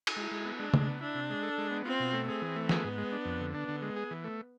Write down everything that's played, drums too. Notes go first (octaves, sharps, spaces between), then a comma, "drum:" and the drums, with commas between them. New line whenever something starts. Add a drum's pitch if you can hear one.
drum: cymbal
G#3 E4
G#3
B3
G#3 D4
G#3, drum: tom
B3
D4 E4
C3
G#3
A4
G#3
B3
C4 F4
B2
A3
C4 G#4
E3
A3
B3 G#4, drum: snare
G#2
G#3
D4
F2
D3
B3 D4
D3
G#3
G#4
E3
A3